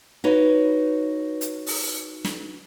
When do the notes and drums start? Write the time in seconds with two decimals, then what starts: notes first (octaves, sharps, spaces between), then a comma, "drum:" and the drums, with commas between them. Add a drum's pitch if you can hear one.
0.24 D#4 E4 F#4 B4 C#5
1.41 drum: hi-hat
1.67 drum: open hi-hat
2.25 drum: snare